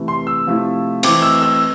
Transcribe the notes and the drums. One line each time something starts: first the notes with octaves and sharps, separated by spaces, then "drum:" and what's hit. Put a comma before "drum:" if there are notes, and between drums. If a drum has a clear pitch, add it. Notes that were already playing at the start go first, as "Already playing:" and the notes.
Already playing: C3 E3 A3
C6
E6
C3 F3 A3 E4
E3 A3 C4 D6, drum: cymbal
E6
E6